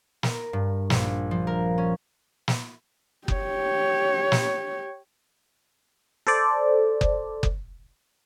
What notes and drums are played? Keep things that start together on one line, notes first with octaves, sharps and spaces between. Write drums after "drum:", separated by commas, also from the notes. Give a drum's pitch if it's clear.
A#4, drum: snare
G2
A#1, drum: snare
F3
A#4
C#4
drum: snare
G4 C#5, drum: kick F#1
drum: snare
A4 C5 D5
drum: kick F#1
drum: kick F#1